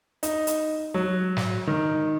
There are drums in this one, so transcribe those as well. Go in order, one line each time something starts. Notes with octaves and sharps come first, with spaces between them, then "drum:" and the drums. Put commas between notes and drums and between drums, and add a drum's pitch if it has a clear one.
D#4, drum: hi-hat
drum: hi-hat
F#3
drum: snare
D#3